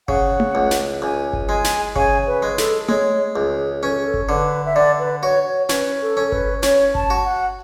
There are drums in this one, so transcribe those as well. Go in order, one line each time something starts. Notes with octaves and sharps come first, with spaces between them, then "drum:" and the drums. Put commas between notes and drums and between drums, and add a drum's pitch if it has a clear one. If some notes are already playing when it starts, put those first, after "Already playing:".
C#3 F#5, drum: kick G1
drum: tom A3
C#2
drum: snare
C#2 G#5
drum: kick G1
G#3 G#5
drum: snare
C#3 G#5, drum: kick G1
B4
G#3
A4, drum: snare
G#3 C#5, drum: tom A3
C#2 G#4
C#4 B4
A4
G#4
A4
drum: kick G1
D3 B4
E5
D3 D5
B4
F#4 C#5
C#5
C#4 B4, drum: snare
A4
C#4
A4
B4, drum: kick G1
C#4 C#5, drum: snare
A5, drum: kick G1
F#4
F#5